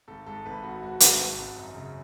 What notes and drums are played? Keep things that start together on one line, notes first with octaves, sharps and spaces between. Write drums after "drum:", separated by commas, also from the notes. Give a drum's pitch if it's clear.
G#1 A4
G#2 A4
G#1 B4
G#1 F#4
G#2 F#4
G#1, drum: hi-hat
G#2
G#1
F#2
C#3